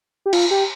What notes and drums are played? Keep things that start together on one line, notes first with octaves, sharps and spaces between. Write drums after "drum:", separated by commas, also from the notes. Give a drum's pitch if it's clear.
G4
F4, drum: cymbal
G4